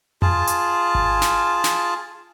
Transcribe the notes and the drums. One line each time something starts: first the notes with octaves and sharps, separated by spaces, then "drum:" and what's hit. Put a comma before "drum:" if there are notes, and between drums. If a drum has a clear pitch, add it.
F4 G#4 A5, drum: tom F2
drum: hi-hat
drum: kick G#1
drum: snare
drum: snare